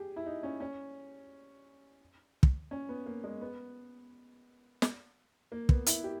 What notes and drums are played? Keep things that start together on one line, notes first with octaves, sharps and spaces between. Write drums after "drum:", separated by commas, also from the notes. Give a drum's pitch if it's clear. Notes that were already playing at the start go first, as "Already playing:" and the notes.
Already playing: G4 G#4
E4
D#4
C#4
C#4
drum: kick
C#4
B3
A#3
G#3
B3
drum: snare
A#3
B3, drum: kick
E4, drum: hi-hat
G4